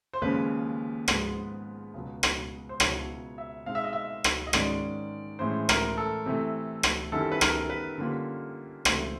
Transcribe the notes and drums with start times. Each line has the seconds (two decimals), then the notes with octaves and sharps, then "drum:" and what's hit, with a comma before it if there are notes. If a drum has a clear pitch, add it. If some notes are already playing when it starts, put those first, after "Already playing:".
0.13 C5
0.21 D#2 C#3 F3 G#3 C#4 B4
1.08 G#2 F3 G#3 B3, drum: rim click
1.94 C#2 B2 F#3 B3
2.23 drum: rim click
2.69 C5
2.80 C#2 B2 F#3 B3 E4 C#5, drum: rim click
3.38 E5
3.66 B2 G#3 C4 D#4 F5
3.75 E5
3.84 D#5
3.93 E5
4.24 drum: rim click
4.47 D#5
4.53 G#2 D#3 G#3 C#4 D5, drum: rim click
5.39 A2 E3 G#3 C#4 C5
5.69 A#4, drum: rim click
5.97 A4
6.26 C3 E3 A3
6.83 drum: rim click
7.12 F#2 D#3 G3 B3 E4 A4
7.32 B4
7.41 A#4, drum: rim click
7.70 B4
7.98 D3 G3 A#3 C#4 F4
8.85 C#2 C3 E3 A3 C5, drum: rim click